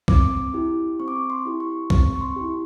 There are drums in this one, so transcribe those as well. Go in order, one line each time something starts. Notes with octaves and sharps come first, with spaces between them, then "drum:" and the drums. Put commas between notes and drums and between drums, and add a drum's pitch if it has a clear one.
C4 D6, drum: kick
E4 G4
C4 C#6
D6
C#6
C6
E4 G4
C#6
C4 C#6, drum: kick
C#6
C6
E4 G4